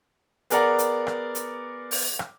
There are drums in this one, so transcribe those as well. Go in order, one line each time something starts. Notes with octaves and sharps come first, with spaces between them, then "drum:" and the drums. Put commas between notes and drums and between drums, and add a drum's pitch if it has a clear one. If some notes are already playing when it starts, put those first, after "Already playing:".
B3 G#4 A#4 D5 F#5 A#5, drum: hi-hat
drum: hi-hat
drum: rim click
drum: hi-hat
drum: open hi-hat
drum: rim click